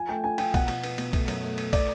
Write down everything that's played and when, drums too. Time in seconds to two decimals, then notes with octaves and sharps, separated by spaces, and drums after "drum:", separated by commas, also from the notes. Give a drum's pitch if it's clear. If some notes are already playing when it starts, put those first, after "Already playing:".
Already playing: F3 G#5
0.09 A3 G5
0.24 F3 G#5
0.38 F3 G5, drum: cymbal
0.54 B2 F#5, drum: kick, cymbal
0.68 B2, drum: cymbal
0.84 B3, drum: cymbal
0.98 B2, drum: cymbal
1.13 A3, drum: kick, cymbal
1.28 F#2, drum: cymbal
1.43 A3
1.58 A3, drum: cymbal
1.73 D5, drum: kick, cymbal